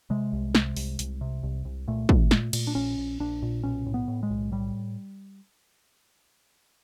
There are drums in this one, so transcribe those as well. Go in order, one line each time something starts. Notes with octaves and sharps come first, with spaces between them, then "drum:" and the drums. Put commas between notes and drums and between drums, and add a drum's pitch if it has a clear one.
C3 G#3
C2
C3, drum: snare
C2, drum: open hi-hat
C2, drum: hi-hat
C3
C2
C2
A#2 A3
A#2, drum: kick
A#2, drum: snare
A#2, drum: cymbal
D4
A#1 C#4
A#1
A#1 D4
A#2
B1 C#4
A2
B3
A2
G#3
B1
A2 G3